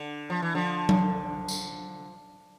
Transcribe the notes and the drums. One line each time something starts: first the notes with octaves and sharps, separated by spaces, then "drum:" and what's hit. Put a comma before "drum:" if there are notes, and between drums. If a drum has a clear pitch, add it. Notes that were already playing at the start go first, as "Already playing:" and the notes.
Already playing: D3
F3
E3
D3 F3
drum: tom F#3
drum: tambourine